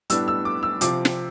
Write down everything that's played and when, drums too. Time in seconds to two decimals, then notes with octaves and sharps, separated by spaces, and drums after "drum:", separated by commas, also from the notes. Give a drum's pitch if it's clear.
0.10 A2 G3 B3 D4 E6, drum: hi-hat
0.28 E6
0.45 D6
0.63 E6
0.81 C3 F3 C4 D6, drum: hi-hat
1.05 drum: snare